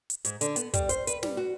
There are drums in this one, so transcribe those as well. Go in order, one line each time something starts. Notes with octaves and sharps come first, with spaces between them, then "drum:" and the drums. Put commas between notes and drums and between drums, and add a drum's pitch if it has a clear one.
drum: hi-hat
G#2, drum: hi-hat
D3, drum: hi-hat
B3, drum: hi-hat
G3, drum: kick, hi-hat
C5, drum: hi-hat
B4, drum: hi-hat
G3, drum: snare
F#4